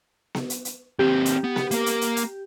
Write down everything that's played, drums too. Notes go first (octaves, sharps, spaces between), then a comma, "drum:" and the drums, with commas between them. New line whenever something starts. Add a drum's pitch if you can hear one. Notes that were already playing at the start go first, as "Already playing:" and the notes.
drum: snare B3
drum: hi-hat
drum: hi-hat
D#2 C4 G4
drum: hi-hat
B3
drum: snare B3
A#3 A#4, drum: hi-hat
drum: hi-hat
drum: hi-hat
drum: hi-hat